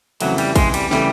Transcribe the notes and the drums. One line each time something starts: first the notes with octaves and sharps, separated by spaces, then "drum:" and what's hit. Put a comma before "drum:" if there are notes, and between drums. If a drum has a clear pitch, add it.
F2 C#3 E3 F#3 A3, drum: cymbal
G3, drum: cymbal
G#3, drum: kick, cymbal
G3, drum: cymbal
C#3 E3 G3 A3, drum: snare